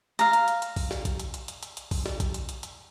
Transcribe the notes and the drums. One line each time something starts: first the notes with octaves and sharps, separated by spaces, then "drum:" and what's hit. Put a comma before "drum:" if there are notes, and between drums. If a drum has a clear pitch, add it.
F5 A#5, drum: hi-hat
drum: hi-hat
drum: hi-hat
drum: hi-hat
drum: kick A#1, open hi-hat
drum: snare
drum: kick A#1, hi-hat
drum: hi-hat
drum: hi-hat
drum: hi-hat
drum: hi-hat
drum: hi-hat
drum: kick A#1, open hi-hat
drum: snare
drum: kick A#1, hi-hat
drum: hi-hat
drum: hi-hat
drum: hi-hat